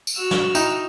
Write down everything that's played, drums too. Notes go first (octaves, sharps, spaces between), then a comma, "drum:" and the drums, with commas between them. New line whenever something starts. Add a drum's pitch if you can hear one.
drum: tambourine
F#4 E6 F6
drum: snare
D#4 E4 G5, drum: tambourine